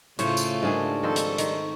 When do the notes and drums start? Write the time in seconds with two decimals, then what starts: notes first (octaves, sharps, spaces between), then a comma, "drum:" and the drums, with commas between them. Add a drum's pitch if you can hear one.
0.19 A2 C#3 A3 F4 C5 C#5 C#6, drum: hi-hat
0.37 drum: tambourine
0.62 G#2 G3 D4 G#4 A#4
1.03 D#3 F3 C4 A4
1.16 drum: hi-hat
1.38 D#3, drum: hi-hat